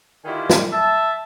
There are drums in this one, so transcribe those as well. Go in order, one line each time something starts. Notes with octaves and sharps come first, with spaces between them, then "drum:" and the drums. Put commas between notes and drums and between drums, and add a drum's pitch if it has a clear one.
D3 D#3 E4 F4 G4 G#5
drum: snare
E5 A5